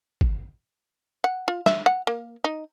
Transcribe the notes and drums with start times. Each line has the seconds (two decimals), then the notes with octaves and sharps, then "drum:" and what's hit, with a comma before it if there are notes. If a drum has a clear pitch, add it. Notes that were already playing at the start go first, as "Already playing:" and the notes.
0.21 drum: kick
1.24 F#5
1.48 F4
1.66 E5, drum: snare
1.86 F#5
2.07 A#3
2.44 D#4